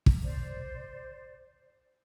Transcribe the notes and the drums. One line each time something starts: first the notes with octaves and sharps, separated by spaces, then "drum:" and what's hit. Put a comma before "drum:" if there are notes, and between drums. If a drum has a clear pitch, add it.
drum: kick
C5 D5